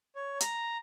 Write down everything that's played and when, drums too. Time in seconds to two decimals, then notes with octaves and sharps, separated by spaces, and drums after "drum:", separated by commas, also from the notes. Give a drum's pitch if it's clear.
0.16 C#5
0.41 A#5, drum: hi-hat